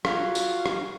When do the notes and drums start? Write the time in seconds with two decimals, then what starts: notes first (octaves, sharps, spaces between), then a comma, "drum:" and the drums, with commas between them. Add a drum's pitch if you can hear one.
0.05 F#3 F4 F#4 F5, drum: rim click
0.35 drum: tambourine
0.66 drum: rim click